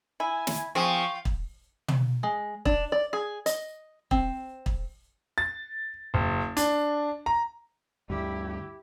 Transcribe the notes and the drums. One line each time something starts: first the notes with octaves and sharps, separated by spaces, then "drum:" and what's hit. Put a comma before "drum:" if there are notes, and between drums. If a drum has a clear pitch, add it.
E4 G#5
drum: snare
F3 C4 G#4 F5 G5 C#6
drum: kick
drum: tom
G#3
D4, drum: kick
D5
G#4
D#5, drum: hi-hat
C4, drum: kick
drum: kick
A6
F#1
D4, drum: hi-hat
A#5
D2 G2 E4 G4